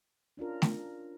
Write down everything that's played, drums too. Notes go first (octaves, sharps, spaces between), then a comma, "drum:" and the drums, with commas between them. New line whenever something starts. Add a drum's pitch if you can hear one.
C#4 D4 F4 A#4
drum: snare